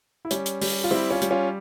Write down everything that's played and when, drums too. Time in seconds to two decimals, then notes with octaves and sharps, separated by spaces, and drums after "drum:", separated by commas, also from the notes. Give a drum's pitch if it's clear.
0.25 E4
0.31 G3 C#4, drum: hi-hat
0.46 drum: hi-hat
0.62 G3, drum: open hi-hat
0.84 F4
0.90 G3 C4 E4
1.11 C#4 F4
1.22 G3, drum: hi-hat
1.31 C#4 F4